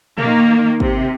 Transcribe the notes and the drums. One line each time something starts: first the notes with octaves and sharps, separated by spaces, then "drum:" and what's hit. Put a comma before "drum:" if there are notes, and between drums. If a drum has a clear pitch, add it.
D#3 A#3, drum: tom A#2
C3, drum: kick